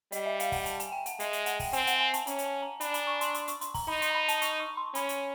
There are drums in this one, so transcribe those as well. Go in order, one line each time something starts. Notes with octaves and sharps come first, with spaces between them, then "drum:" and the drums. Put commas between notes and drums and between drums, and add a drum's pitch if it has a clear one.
G3 D#5, drum: hi-hat
E5
F5, drum: hi-hat
F#5, drum: kick, open hi-hat
A5, drum: hi-hat
G#5, drum: hi-hat
G5
F#5, drum: hi-hat
G#3 E5, drum: hi-hat
E5, drum: hi-hat
F#5, drum: hi-hat
G5, drum: kick, open hi-hat
C4 G#5, drum: hi-hat
F#5, drum: hi-hat
G#5
A5, drum: hi-hat
C#4 A#5, drum: hi-hat
G#5, drum: hi-hat
A5
A#5
D4 B5, drum: hi-hat
B5, drum: hi-hat
C#6
C6, drum: hi-hat
C6, drum: hi-hat
C#6, drum: hi-hat
C6, drum: hi-hat
A#5, drum: kick, open hi-hat
D#4 B5
C6, drum: hi-hat
A#5
B5
A5, drum: hi-hat
C#6, drum: hi-hat
C#6
C6
C#4 B5, drum: hi-hat
drum: hi-hat